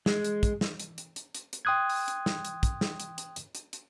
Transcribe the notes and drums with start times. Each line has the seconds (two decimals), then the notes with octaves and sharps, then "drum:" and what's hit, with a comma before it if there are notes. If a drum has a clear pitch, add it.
0.06 G#3, drum: snare
0.24 drum: hi-hat
0.43 drum: kick, hi-hat
0.61 drum: snare
0.80 drum: hi-hat
0.98 drum: hi-hat
1.16 drum: hi-hat
1.35 drum: hi-hat
1.53 drum: hi-hat
1.65 G5 C6 D#6 F#6 G#6
1.90 drum: open hi-hat
2.08 drum: hi-hat
2.26 drum: snare
2.45 drum: hi-hat
2.63 drum: kick, hi-hat
2.81 drum: snare
3.00 drum: hi-hat
3.18 drum: hi-hat
3.36 drum: hi-hat
3.55 drum: hi-hat
3.73 drum: hi-hat